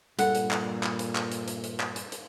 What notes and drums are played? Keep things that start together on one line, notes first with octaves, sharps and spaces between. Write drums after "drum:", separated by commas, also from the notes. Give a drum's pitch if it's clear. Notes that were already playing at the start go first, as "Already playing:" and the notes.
G2 A#2 A4 F#5, drum: hi-hat
drum: hi-hat
drum: clap
drum: clap
drum: hi-hat
drum: clap
drum: hi-hat
drum: hi-hat
drum: hi-hat
drum: clap
drum: hi-hat
drum: hi-hat